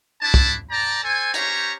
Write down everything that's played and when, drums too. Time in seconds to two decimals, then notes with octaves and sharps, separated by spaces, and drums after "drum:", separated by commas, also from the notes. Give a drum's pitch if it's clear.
0.21 A3 D4 E4 A5
0.34 drum: kick
0.70 D5 G5 A5 A#5
1.03 A4 C5 G#5
1.34 C#4 G4 C5 C#5 A#5, drum: hi-hat